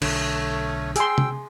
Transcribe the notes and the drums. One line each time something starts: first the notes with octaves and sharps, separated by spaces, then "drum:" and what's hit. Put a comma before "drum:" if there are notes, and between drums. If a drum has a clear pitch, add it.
B1 D3 A3 C#5, drum: cymbal
G#4 G5 C6 E6, drum: hi-hat
drum: tom C3